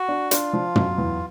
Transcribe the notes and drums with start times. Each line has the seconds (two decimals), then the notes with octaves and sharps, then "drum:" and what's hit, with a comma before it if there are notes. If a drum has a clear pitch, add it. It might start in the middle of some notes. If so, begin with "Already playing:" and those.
Already playing: F#4
0.09 D4
0.31 D4 F4, drum: hi-hat
0.53 F3
0.75 F#3, drum: tom
0.98 E2